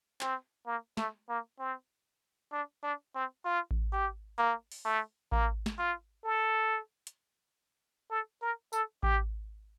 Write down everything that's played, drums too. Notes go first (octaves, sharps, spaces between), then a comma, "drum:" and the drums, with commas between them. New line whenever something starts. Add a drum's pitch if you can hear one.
C4, drum: clap
A#3
A3, drum: snare
A#3
C4
D4
D4
C4
F4
drum: kick A1
G4
A#3
drum: open hi-hat
A3
A#3, drum: kick A1
drum: snare
F4
A4
drum: hi-hat
A4
A#4
A4, drum: tambourine
G4, drum: kick A1